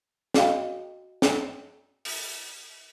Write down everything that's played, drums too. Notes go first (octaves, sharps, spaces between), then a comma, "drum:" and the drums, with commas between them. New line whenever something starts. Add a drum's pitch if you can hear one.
F#4 D#5 F5 G5, drum: snare
drum: snare
drum: open hi-hat